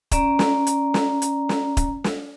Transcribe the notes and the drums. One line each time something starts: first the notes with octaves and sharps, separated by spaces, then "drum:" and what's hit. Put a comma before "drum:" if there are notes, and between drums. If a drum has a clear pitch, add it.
C#4 D5 A#5, drum: kick D#1, hi-hat
drum: snare
drum: hi-hat
drum: snare
drum: hi-hat
drum: snare
drum: kick D#1, hi-hat
drum: snare